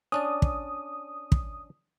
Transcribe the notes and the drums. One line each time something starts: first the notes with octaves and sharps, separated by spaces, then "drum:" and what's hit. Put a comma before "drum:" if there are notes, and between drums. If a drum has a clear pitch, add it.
C#4 D4 D5 D#6
drum: kick
drum: kick